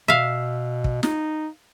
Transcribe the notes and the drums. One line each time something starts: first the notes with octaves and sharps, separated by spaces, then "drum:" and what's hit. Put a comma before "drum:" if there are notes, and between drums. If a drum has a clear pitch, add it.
B2 E5 F5
drum: kick
D#4, drum: snare